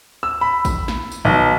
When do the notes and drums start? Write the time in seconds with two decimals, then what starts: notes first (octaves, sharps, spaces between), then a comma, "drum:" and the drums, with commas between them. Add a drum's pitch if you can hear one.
0.23 E6
0.41 B5
0.65 drum: kick A1, tambourine
0.88 drum: snare
1.12 drum: tambourine
1.25 B1